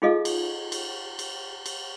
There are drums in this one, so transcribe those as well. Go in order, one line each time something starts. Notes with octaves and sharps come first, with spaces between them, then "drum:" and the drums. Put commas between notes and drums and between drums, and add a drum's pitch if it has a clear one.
D#4 F4 G#4 A4 D#5 F5
drum: cymbal
drum: cymbal
drum: cymbal
drum: cymbal